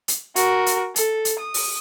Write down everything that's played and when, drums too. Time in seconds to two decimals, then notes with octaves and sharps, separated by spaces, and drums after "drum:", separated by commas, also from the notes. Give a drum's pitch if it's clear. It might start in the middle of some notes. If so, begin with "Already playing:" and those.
0.08 drum: hi-hat
0.36 F#4 A#4, drum: hi-hat
0.66 drum: hi-hat
0.96 A4, drum: hi-hat
1.25 drum: hi-hat
1.39 D#6
1.54 drum: open hi-hat